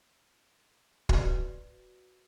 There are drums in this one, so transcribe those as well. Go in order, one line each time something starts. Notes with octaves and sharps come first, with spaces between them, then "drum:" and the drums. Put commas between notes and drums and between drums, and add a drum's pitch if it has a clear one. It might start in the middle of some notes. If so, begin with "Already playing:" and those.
F#4 B4 D5, drum: kick